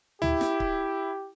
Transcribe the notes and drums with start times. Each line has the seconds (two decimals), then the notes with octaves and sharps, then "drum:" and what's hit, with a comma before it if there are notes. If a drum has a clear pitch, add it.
0.22 E4 G4, drum: tom
0.41 drum: snare
0.60 drum: kick C#1